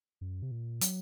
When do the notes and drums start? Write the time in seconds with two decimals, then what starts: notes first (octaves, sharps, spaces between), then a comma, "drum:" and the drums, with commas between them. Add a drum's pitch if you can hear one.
0.21 F#2
0.43 C3
0.51 A#2
0.81 F#3, drum: hi-hat